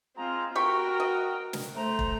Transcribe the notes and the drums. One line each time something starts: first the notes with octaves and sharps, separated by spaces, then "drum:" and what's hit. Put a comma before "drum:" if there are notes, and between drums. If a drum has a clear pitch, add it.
G#3 C4 F4 A#5
F#4 G4 A#4 G5 B5 C#6
D#5
drum: snare
A3 C5 A#5
drum: kick